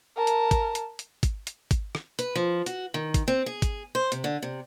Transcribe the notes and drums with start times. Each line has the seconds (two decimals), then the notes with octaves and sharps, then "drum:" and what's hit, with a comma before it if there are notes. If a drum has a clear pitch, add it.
0.17 A#4 A5
0.27 drum: hi-hat
0.51 drum: kick, hi-hat
0.75 drum: hi-hat
0.99 drum: hi-hat
1.23 drum: kick, hi-hat
1.47 drum: hi-hat
1.71 drum: kick, hi-hat
1.95 drum: rim click
2.19 B4, drum: hi-hat
2.35 F3
2.66 F#4, drum: hi-hat
2.94 D#3
3.14 drum: kick, hi-hat
3.28 C4
3.46 G#4
3.62 drum: kick, hi-hat
3.95 C5
4.12 C3, drum: hi-hat
4.24 D3
4.43 C3